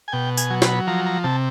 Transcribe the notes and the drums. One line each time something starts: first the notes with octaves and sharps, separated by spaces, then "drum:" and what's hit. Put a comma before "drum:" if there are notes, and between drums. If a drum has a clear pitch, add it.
G#5
B2 G5
G#5, drum: tambourine
F#3
B5, drum: snare
F3 A#5
A#5
C3 A5